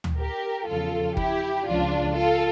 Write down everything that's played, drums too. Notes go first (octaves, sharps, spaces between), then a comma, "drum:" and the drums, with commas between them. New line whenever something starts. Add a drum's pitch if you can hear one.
drum: tom
G4 A#4
E2 C#3 F3 F4 A4
E4 G4, drum: kick
C#2 C#3 F3 D4 F4
F4 A4